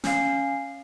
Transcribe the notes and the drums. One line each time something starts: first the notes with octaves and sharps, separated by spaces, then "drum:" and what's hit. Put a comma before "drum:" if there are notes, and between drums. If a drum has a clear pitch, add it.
C#4 F5, drum: snare